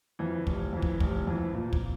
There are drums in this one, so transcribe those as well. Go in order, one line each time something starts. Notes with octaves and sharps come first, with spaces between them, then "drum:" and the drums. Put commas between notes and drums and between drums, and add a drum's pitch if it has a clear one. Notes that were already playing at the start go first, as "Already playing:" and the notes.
F2 E3
F1, drum: kick
F2 E3
drum: kick
F1, drum: kick
F2 E3
A#2
drum: kick